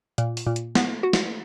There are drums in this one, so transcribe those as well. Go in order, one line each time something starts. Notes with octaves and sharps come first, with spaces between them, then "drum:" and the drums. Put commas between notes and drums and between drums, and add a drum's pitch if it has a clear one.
A#2, drum: hi-hat
drum: open hi-hat
A#2
drum: hi-hat
B3, drum: snare
F#4
drum: snare